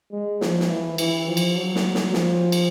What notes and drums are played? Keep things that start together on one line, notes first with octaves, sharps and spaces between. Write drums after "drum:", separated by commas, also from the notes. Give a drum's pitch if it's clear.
G#3
F3, drum: snare
drum: snare
E3
E3, drum: cymbal
F3
drum: cymbal
F#3
drum: snare
drum: snare
F3, drum: snare
drum: cymbal